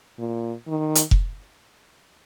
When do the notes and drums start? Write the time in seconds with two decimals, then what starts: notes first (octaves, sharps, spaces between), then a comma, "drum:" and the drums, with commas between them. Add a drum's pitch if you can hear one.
0.19 A#2
0.67 D#3
0.95 drum: hi-hat
1.11 drum: kick F1